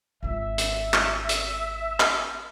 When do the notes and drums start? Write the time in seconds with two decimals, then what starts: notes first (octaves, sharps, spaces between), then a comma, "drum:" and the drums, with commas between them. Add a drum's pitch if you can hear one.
0.23 G#1 F4 E5
0.58 drum: hi-hat
0.94 drum: clap
1.29 drum: hi-hat
2.00 drum: clap